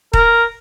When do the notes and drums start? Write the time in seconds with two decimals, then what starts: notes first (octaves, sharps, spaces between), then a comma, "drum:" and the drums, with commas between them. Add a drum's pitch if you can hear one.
0.13 A#4, drum: kick D#1